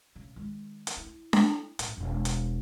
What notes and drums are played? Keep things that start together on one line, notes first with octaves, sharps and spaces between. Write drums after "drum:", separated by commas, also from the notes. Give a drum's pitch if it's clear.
C#3
D#3 G#3
drum: hi-hat
E4
drum: snare D4
A2, drum: hi-hat
E1
drum: hi-hat